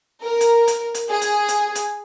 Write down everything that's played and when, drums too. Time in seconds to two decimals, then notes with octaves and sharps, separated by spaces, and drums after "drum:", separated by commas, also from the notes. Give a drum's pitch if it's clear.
0.22 A#4
0.41 drum: hi-hat
0.67 drum: hi-hat
0.94 drum: hi-hat
1.08 G#4
1.21 drum: hi-hat
1.48 drum: hi-hat
1.75 drum: hi-hat